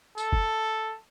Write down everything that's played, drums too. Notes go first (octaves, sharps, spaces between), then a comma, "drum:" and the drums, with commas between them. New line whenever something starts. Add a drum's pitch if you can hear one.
A4, drum: tambourine
drum: kick